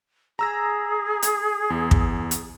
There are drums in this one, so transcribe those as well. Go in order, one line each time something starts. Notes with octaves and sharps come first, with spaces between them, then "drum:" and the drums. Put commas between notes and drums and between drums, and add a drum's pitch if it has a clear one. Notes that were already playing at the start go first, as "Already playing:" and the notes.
G#4 A#5 E6 A#6
drum: hi-hat
E2
drum: kick
drum: hi-hat